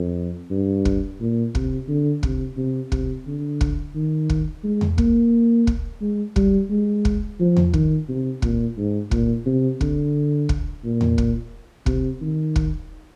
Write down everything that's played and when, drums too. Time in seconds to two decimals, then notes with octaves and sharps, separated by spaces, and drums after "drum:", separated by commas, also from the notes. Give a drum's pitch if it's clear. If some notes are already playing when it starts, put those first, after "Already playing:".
Already playing: F2
0.51 G2
0.85 drum: kick
1.20 A#2
1.55 C3, drum: kick
1.89 D3
2.23 C3, drum: kick
2.57 C3
2.92 C3, drum: kick
3.27 D3
3.61 drum: kick
3.95 D#3
4.30 drum: kick
4.64 G#3
4.81 drum: tom E2
4.98 A#3, drum: kick
5.67 drum: kick
6.01 G#3
6.36 G3, drum: kick
6.71 G#3
7.05 drum: kick
7.40 F3
7.57 drum: tom E2
7.74 D#3, drum: kick
8.09 C3
8.42 A#2, drum: kick
8.77 G#2
9.11 A#2, drum: kick
9.46 C3
9.81 D3, drum: kick
10.49 drum: kick
10.84 A#2
11.01 drum: tom E2
11.18 drum: kick
11.86 C3, drum: kick
12.21 D#3
12.56 drum: kick